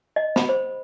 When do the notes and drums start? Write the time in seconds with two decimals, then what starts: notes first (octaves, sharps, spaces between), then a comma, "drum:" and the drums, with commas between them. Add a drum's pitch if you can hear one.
0.16 D#5
0.36 B5, drum: snare
0.49 C5